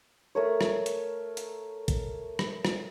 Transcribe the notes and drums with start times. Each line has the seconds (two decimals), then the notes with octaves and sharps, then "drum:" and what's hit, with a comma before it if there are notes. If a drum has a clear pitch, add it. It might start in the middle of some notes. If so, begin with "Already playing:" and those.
0.35 A3 A#4 C#5
0.61 drum: rim click
0.86 drum: hi-hat
1.37 drum: hi-hat
1.88 drum: kick A1, hi-hat
2.39 drum: rim click
2.65 drum: rim click